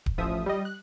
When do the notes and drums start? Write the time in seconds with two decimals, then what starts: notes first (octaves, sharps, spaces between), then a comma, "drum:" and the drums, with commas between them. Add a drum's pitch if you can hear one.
0.06 drum: kick D1
0.18 A1 F3 E5 D#6
0.46 G3 D#5
0.65 F#6